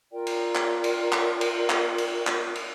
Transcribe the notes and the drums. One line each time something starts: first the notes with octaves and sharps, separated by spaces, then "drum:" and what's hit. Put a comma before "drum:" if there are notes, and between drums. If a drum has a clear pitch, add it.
F4 A#4 D5 G5
drum: cymbal
drum: clap
drum: cymbal
drum: clap
drum: cymbal
drum: clap
drum: cymbal
drum: clap
drum: cymbal